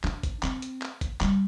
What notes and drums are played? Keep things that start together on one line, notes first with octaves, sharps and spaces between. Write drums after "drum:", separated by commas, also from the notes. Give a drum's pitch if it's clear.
D4, drum: clap
drum: kick G#1, hi-hat
C4, drum: clap
drum: hi-hat
drum: clap
drum: kick G#1, hi-hat
G3, drum: clap